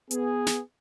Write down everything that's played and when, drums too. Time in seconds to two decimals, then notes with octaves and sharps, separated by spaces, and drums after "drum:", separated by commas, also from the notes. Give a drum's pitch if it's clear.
0.11 B3 G#4, drum: hi-hat
0.47 drum: snare